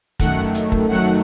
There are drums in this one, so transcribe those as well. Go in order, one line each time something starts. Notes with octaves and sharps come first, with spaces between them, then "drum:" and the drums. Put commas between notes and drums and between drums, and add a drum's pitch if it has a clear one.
F#2 D#3 A3 F#5, drum: kick, hi-hat
drum: hi-hat
drum: kick
F#2 D#3 F#3 A3 F#5